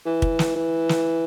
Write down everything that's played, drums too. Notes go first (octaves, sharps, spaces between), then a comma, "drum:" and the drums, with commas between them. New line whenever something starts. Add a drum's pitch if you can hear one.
E3
drum: kick
drum: snare
E3
drum: snare